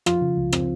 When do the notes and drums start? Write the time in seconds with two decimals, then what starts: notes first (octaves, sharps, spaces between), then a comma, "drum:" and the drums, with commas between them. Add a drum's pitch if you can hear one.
0.06 F3 F4, drum: rim click
0.22 C#3
0.37 C#2
0.52 C4, drum: rim click